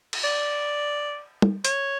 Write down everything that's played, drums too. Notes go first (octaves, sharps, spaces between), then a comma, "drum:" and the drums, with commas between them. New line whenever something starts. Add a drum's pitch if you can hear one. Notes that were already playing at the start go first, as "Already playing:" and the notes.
drum: cymbal
D5
drum: tom
C#5, drum: hi-hat